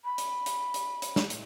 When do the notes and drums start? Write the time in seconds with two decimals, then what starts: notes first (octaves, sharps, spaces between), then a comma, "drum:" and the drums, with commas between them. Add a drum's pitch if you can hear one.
0.04 B5
0.18 drum: hi-hat
0.46 drum: hi-hat
0.74 drum: hi-hat
1.02 drum: hi-hat
1.16 drum: snare
1.30 drum: hi-hat